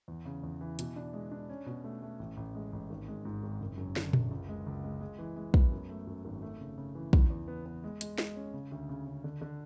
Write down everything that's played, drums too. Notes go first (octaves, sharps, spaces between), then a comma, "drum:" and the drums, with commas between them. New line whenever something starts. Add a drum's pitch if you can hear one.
E2
C#3
E2
E3
B2, drum: hi-hat
D4
G#3
D4
C#4
B2
A3
A3
A1
A1
G#3
A1
G#1
G#3
G#2
G#1
F#1
F#2
D3, drum: snare
F#1, drum: tom A#2
C#2
G#3
C#2
G#3
G#3
E3
G#3
B3, drum: kick
F#2
A3
F#2
G#1
A3
C#3
C#3
E3
E2, drum: kick
E2
B3
B3
G#3
G#3, drum: hi-hat
G#3, drum: snare
C#4
C#3
D2
C#3
C#3
D3
D3